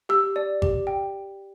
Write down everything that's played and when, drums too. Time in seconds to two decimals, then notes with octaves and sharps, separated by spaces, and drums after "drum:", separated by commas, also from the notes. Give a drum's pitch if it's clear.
0.09 G4 E6
0.36 D5
0.62 G4, drum: kick
0.87 G5